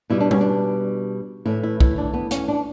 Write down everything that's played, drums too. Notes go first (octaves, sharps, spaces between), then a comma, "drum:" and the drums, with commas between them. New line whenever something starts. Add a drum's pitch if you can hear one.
B2 G3 B3 E4
D4
C#4, drum: tom G3
D4
A2 E3 A3 E4
E4
E4, drum: kick B1
D4
B3
C#4, drum: hi-hat
D4